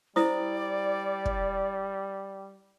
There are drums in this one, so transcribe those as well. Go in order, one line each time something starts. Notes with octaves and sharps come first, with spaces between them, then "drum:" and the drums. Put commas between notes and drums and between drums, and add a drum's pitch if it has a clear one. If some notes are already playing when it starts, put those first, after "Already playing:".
G3 E4 C5 D5 D#6, drum: snare
drum: kick